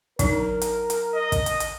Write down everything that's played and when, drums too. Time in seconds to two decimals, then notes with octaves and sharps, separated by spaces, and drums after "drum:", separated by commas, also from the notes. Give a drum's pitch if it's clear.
0.19 F#3 D4 D#4 A#4, drum: kick, hi-hat
0.62 drum: hi-hat
0.90 drum: hi-hat
1.14 D#5
1.32 drum: kick, hi-hat
1.46 drum: hi-hat
1.60 drum: hi-hat